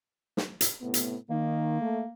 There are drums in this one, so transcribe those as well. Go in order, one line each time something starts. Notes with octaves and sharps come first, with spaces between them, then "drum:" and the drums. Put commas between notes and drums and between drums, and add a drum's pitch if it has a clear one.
drum: snare
drum: hi-hat
A2 C3 B3
drum: hi-hat
D#3 A#3
A3